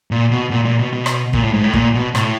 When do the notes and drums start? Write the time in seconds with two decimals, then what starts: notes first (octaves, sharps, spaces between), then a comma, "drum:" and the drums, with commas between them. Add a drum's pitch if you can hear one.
0.11 A#2
0.31 B2
0.51 A#2
0.65 A#2
0.79 B2
0.93 B2
1.06 drum: rim click
1.33 A#2, drum: kick
1.43 A2
1.54 G#2
1.64 A2
1.73 A#2, drum: kick
1.94 B2
2.15 A2, drum: rim click